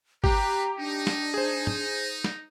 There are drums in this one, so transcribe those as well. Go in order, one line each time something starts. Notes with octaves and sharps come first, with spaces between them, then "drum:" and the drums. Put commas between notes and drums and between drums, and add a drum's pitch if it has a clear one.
C4 G4 B4 A#5, drum: kick G#1
D4 D#4
drum: snare
G#4 C5
drum: tom
drum: snare